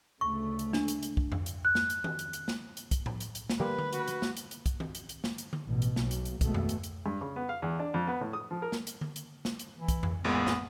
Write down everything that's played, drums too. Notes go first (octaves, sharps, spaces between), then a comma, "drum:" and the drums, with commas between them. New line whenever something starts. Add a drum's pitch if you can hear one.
D2 C#3 A3 C#6
drum: hi-hat
D4, drum: snare
drum: hi-hat
drum: hi-hat
drum: kick
drum: tom F2
drum: hi-hat
F#6
drum: snare
drum: hi-hat
drum: tom D#3
drum: hi-hat
drum: hi-hat
drum: snare
drum: hi-hat
drum: kick, hi-hat
drum: tom A2
drum: hi-hat
drum: hi-hat
drum: snare
D3 F3 G3 A3 A#3 G4 B4
drum: tom D3
F#4, drum: hi-hat
drum: hi-hat
drum: snare
drum: hi-hat
drum: hi-hat
drum: kick, hi-hat
drum: tom D#3
drum: hi-hat
drum: hi-hat
drum: snare
drum: hi-hat
drum: tom D3
A1 B2
drum: hi-hat
B1, drum: snare
drum: hi-hat
drum: hi-hat
G#1 B2 G#3 A3, drum: kick, hi-hat
drum: tom F2
drum: hi-hat
drum: hi-hat
G2
C#3
B3
F5
E2
D4
F2
B3
A2
D#6
F3
A#4
drum: snare
drum: hi-hat
drum: tom D3
drum: hi-hat
drum: snare
drum: hi-hat
E3
drum: kick, hi-hat
drum: tom F2
A1 A#2 G#3 B3
drum: snare